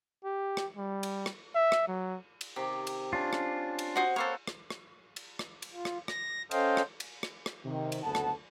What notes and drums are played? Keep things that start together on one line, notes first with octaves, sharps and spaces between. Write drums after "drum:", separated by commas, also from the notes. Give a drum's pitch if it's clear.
G4
drum: rim click
G3
drum: cymbal
drum: rim click
E5
drum: rim click
F#3
drum: cymbal
C3 D#3 G4 G5
drum: cymbal
C#4 D4 F4
drum: rim click
drum: cymbal
F#4 C5 D#6
A#3 C4 F#4 A4 C5 C#5
drum: rim click
drum: rim click
drum: cymbal
drum: rim click
drum: cymbal
F4
drum: rim click
A#6, drum: rim click
C#4 A4 C5 D#5 F5 G5, drum: cymbal
drum: rim click
drum: cymbal
drum: rim click
drum: rim click
C3 D#3
drum: cymbal
F#1 D2 B3 A4 F#5 A5
drum: rim click